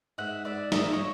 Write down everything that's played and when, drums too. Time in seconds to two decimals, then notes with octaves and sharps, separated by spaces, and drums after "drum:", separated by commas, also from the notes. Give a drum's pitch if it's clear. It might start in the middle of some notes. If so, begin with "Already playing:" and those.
0.18 G#2 E5 F#5
0.45 G#2 D5 E5
0.72 F3 D#5, drum: snare
0.83 E5
0.93 C#5 D#5